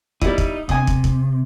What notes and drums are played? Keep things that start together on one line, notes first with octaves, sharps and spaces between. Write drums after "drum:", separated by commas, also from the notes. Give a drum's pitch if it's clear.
G3 D#4 E4, drum: kick
drum: kick
C3 G#5 D#6, drum: kick
drum: kick
drum: kick